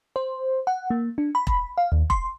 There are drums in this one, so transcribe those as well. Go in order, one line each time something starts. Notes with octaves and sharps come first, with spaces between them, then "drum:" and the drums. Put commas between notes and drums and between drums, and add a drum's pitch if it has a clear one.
C5
F#5
A#3
D4
B5
drum: kick E1
F5
D#2
C6, drum: kick E1